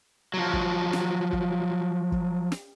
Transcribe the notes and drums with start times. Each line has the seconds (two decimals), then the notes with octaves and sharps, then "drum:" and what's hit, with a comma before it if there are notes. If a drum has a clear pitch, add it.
0.34 F3 F#3
0.53 drum: kick
0.93 drum: snare
1.33 drum: kick
2.12 drum: kick
2.52 drum: snare